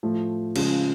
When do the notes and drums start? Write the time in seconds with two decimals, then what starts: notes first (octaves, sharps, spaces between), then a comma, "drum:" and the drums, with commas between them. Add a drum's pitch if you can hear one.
0.03 A2 F3 A3
0.56 C#3 F3 G#3, drum: cymbal